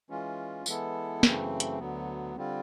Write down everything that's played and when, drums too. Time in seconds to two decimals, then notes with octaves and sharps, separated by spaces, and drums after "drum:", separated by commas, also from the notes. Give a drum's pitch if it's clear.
0.10 E3 G#3 C#4 F4
0.66 E3 G#3 B3 E4 A4, drum: tambourine
1.23 F#2 C#3 E3 A3 C4, drum: snare
1.60 drum: hi-hat
1.80 D2 D3 F#3 B3
2.36 D3 G3 C4 F4